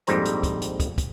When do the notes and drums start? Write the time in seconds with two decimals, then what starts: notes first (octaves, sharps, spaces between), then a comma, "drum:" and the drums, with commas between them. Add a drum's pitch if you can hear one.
0.07 A#1 F2 G#2 G3 C5 A#5, drum: hi-hat
0.25 drum: hi-hat
0.43 drum: kick, hi-hat
0.62 drum: hi-hat
0.80 drum: kick, hi-hat
0.98 drum: kick, hi-hat